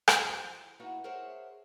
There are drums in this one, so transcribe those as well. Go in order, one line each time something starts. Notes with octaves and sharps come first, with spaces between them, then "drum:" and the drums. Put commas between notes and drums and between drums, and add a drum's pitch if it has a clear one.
F3, drum: rim click
A#3 B3 D#4 E4 F#4
G#4 A#4 C5 C#5 E5 F#5